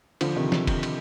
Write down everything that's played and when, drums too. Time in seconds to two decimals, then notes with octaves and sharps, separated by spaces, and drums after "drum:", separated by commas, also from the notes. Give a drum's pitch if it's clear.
0.21 D3 F3, drum: cymbal
0.36 C3 D#3
0.52 drum: snare
0.67 drum: kick, cymbal
0.83 drum: cymbal